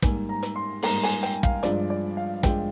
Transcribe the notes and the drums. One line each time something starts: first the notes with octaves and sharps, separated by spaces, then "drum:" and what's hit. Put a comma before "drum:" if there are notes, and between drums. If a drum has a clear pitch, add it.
G#2 G3 A#3 G#5, drum: kick, hi-hat
A#5
drum: hi-hat
C6
G#2 G3 A#3 A#5, drum: open hi-hat
G#5, drum: open hi-hat
G5, drum: hi-hat
F5, drum: kick
G2 F3 G#3 D5, drum: hi-hat
D5
F5
G2 F3 G#3 G5, drum: kick, hi-hat